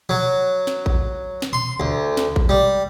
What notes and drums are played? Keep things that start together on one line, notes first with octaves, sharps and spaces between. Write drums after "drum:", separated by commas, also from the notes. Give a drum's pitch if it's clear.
F#3
drum: snare
drum: kick A1
drum: snare
C6
D2
drum: snare
drum: kick A1
G3